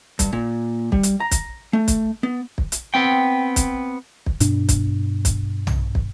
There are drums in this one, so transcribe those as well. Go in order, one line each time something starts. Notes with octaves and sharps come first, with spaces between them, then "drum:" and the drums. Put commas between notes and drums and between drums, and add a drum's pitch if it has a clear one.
G2, drum: kick, hi-hat
A#2
G3, drum: kick
drum: hi-hat
A#5
drum: kick, hi-hat
A3
drum: kick, hi-hat
B3
drum: kick
drum: hi-hat
B3 C4 G5
drum: kick, hi-hat
drum: kick
G2 B2 D4, drum: hi-hat
drum: kick, hi-hat
drum: kick, hi-hat
drum: tom
drum: kick